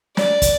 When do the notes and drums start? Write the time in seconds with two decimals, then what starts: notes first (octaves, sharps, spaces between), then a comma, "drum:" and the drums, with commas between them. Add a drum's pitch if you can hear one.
0.17 D5, drum: snare
0.42 drum: kick, hi-hat